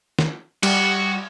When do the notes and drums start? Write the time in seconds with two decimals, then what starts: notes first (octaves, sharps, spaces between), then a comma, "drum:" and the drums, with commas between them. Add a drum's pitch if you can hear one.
0.19 drum: snare
0.63 G3 F#4, drum: cymbal